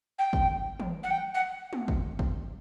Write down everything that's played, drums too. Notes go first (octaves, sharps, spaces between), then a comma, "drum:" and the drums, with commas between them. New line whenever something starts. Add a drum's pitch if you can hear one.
G5
drum: kick
drum: tom
F#5
G5
F#5
drum: tom
drum: kick
drum: kick